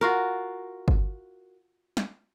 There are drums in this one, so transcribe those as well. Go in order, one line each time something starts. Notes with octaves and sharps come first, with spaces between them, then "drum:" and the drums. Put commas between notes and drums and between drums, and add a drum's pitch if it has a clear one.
F4 F#4 A#4
drum: kick G1
drum: snare